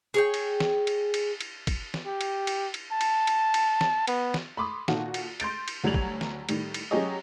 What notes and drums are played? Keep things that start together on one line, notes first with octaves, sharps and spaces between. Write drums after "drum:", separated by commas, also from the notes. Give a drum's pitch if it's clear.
G#4 C#5 G5
drum: cymbal
drum: snare
drum: cymbal
drum: cymbal
drum: cymbal
drum: kick, cymbal
drum: snare
G4
drum: cymbal
drum: cymbal
drum: cymbal
A5
drum: cymbal
drum: cymbal
drum: cymbal
drum: snare
B3, drum: cymbal
drum: snare
B5 C6 D6 D#6
A#2 D#3 D#4 F4 F#4 A4, drum: snare
drum: cymbal
C6 G6 A6 D7, drum: cymbal
drum: cymbal
D2 F#3 G3 G#6 F7 F#7
drum: kick
drum: snare
A2 D#3 G3, drum: cymbal
drum: cymbal
F#3 C#4 G4 G#4 C#5 D#5